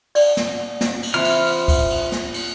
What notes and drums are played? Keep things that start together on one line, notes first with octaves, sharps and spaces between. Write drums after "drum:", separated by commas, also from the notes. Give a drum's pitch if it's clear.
D5, drum: cymbal
drum: snare
drum: snare
drum: cymbal
E3 C4 E4 F4 F6
drum: cymbal
drum: cymbal
drum: kick, cymbal
drum: cymbal
drum: snare
drum: cymbal